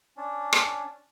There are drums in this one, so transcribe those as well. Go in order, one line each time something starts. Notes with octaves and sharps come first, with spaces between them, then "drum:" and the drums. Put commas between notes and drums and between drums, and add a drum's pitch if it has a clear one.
C#4 D4
drum: rim click